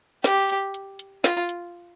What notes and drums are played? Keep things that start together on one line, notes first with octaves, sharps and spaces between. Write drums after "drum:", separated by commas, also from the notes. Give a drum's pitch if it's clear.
G4, drum: snare
drum: hi-hat
drum: hi-hat
drum: hi-hat
F4, drum: snare
drum: hi-hat